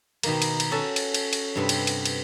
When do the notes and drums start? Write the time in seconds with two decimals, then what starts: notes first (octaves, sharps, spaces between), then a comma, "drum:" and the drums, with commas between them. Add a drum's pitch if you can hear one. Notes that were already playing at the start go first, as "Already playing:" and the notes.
0.23 B2 D#3 A#3, drum: cymbal
0.42 drum: cymbal
0.60 drum: cymbal
0.71 C#4 F#4 A4 A5
0.96 drum: cymbal
1.14 drum: cymbal
1.33 drum: cymbal
1.56 G2 C3 B3
1.69 drum: cymbal
1.87 drum: cymbal
2.05 drum: cymbal